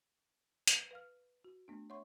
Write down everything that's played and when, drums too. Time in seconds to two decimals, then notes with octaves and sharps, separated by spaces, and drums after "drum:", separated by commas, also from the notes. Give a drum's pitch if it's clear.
0.67 B4, drum: hi-hat
0.91 B4 F5 F6
1.45 F#4
1.68 A3 B3 D4
1.90 C#5 E5 F#5 C6 C#6